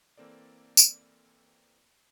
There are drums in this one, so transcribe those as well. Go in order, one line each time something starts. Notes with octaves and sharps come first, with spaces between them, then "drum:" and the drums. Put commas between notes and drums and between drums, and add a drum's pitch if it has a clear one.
E3 A#3 C4 A4 D5
drum: tambourine